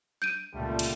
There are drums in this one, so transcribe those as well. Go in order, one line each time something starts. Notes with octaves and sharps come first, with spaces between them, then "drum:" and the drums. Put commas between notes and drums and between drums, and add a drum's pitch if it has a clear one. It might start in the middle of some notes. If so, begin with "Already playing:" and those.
G6 D7 D#7
C#2 A#2 D3 G3 A3
drum: cymbal